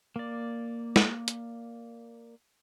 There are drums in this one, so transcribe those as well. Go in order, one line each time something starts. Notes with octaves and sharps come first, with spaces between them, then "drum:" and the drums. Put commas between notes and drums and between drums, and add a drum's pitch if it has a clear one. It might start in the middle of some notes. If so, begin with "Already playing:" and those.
A#3 D5
drum: snare
drum: hi-hat